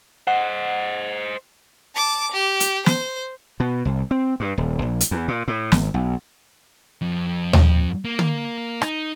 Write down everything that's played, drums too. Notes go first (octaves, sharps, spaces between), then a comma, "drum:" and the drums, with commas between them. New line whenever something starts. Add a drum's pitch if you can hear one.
C5 D#5 F#5
A5 D6
G4
drum: hi-hat
C5, drum: snare
B2
C2
C4
G2
D#1
A#1
drum: hi-hat
E2
A#2
A2
G#1, drum: snare
B1
F2
drum: tom D#2
A#3
drum: tom
D#4, drum: rim click